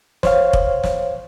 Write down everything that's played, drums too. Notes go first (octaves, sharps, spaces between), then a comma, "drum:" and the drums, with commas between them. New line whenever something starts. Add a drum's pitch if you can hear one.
C5 C#5 F5, drum: snare
drum: kick
drum: snare